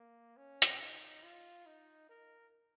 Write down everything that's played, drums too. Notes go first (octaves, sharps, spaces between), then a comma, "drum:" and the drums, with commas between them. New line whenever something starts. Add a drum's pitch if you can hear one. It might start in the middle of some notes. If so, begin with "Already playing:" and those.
Already playing: A#3
C#4
drum: hi-hat
D#4
F4
D#4
A#4